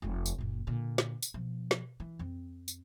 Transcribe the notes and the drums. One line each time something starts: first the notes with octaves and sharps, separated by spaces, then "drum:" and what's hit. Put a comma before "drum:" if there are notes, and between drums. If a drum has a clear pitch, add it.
F1 A3
drum: tambourine
F#1 A#2
A#2 D3
drum: snare
drum: tambourine
B2 F3
drum: snare
E3
F2 C4
drum: tambourine